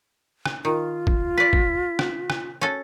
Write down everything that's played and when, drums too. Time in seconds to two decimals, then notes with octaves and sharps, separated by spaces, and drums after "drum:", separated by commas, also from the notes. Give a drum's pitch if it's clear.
0.46 drum: rim click
0.65 D#3 F4
1.07 drum: kick
1.38 B4 D5 B6
1.53 drum: kick
1.99 drum: rim click
2.30 drum: rim click
2.61 C#4 F#4 A4